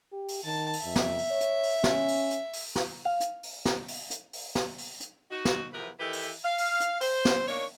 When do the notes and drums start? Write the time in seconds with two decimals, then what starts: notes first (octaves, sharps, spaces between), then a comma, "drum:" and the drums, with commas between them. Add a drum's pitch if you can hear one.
0.12 G4
0.28 drum: open hi-hat
0.44 D#3 A5
0.73 drum: open hi-hat
0.84 F2 E5
0.96 drum: snare
1.18 drum: open hi-hat
1.31 C#5
1.41 drum: hi-hat
1.63 drum: open hi-hat
1.84 C#4, drum: snare
2.08 drum: open hi-hat
2.31 drum: hi-hat
2.53 drum: open hi-hat
2.76 drum: snare
3.05 F5
3.20 drum: hi-hat
3.43 drum: open hi-hat
3.65 drum: snare
3.88 drum: open hi-hat
4.10 drum: hi-hat
4.33 drum: open hi-hat
4.55 drum: snare
4.78 drum: open hi-hat
5.00 drum: hi-hat
5.30 D#4 F#4
5.45 drum: snare
5.73 E2 C3 F3 A#4 B4
5.99 D#3 E3 E4 G4 A4 B4
6.13 drum: open hi-hat
6.44 F5
6.58 drum: open hi-hat
6.80 drum: hi-hat
7.01 C5, drum: open hi-hat
7.25 drum: snare
7.48 A#3 D4 D#4 C#5, drum: open hi-hat